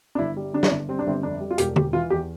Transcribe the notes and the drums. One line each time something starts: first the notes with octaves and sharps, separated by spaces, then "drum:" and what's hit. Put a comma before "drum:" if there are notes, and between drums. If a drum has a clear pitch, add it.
D4
G1 E4
G3
D3 D4
E4, drum: snare
G1 D4
G3 C4
D4
G1 C4
F2 D4
G3
F4
E1 G4, drum: hi-hat
E1 G4, drum: tom
E3 F4
E2 G4